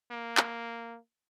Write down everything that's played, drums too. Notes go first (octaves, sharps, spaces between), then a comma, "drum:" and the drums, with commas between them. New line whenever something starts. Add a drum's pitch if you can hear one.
A#3
drum: clap